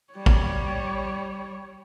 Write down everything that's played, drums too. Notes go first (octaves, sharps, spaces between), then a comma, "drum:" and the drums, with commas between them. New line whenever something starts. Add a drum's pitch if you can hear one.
G3 C#5
drum: kick